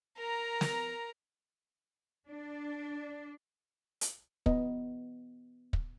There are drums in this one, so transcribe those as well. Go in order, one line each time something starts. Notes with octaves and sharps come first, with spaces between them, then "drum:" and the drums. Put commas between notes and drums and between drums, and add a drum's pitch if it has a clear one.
A#4 A#5
drum: snare
D4
drum: hi-hat
B3 D#5, drum: kick
drum: kick